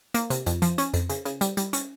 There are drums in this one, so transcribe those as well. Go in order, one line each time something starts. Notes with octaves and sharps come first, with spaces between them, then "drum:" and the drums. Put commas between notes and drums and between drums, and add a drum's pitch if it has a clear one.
A#3, drum: hi-hat
C3, drum: hi-hat
F2, drum: hi-hat
F3, drum: hi-hat
C#4, drum: hi-hat
F2, drum: hi-hat
C#3, drum: hi-hat
C#3, drum: hi-hat
G3, drum: hi-hat
G3, drum: hi-hat
C#4, drum: hi-hat